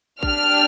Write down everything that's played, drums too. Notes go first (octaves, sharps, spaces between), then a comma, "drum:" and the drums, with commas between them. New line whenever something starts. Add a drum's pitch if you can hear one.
D4 G4 F6, drum: kick A#1